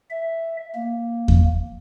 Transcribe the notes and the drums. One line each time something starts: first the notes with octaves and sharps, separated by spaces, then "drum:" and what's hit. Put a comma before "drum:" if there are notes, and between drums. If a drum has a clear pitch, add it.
E5
A#3
drum: kick E2